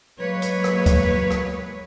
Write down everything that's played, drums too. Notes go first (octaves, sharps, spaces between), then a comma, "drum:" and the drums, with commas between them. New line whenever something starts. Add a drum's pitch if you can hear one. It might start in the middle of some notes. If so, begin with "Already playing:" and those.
F#3 G#3 A#3 B4 C#5
drum: hi-hat
drum: rim click
drum: kick C#2, hi-hat
drum: rim click